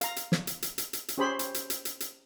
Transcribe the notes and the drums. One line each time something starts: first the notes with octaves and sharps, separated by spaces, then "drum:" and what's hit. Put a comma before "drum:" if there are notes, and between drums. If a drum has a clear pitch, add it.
F5 A#5, drum: hi-hat
drum: hi-hat
drum: snare
drum: hi-hat
drum: hi-hat
drum: hi-hat
drum: hi-hat
drum: hi-hat
C#4 G4 G#4 C5 B5 C6
drum: hi-hat
drum: hi-hat
drum: hi-hat
drum: hi-hat
drum: hi-hat